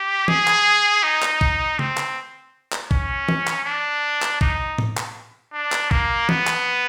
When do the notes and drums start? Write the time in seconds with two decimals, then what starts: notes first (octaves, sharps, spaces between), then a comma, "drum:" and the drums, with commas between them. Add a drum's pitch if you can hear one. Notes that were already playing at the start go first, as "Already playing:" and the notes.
Already playing: G4
0.28 G#4, drum: tom
0.47 drum: clap
1.04 D#4
1.22 drum: clap
1.41 drum: kick
1.79 C4, drum: tom C#3
1.97 drum: clap
2.72 drum: clap
2.91 C#4, drum: kick
3.29 drum: tom
3.47 drum: clap
3.66 D4
4.22 drum: clap
4.41 D#4, drum: kick
4.78 drum: tom A2
4.97 drum: clap
5.53 D4
5.72 drum: clap
5.91 A#3, drum: kick
6.29 B3, drum: tom
6.47 drum: clap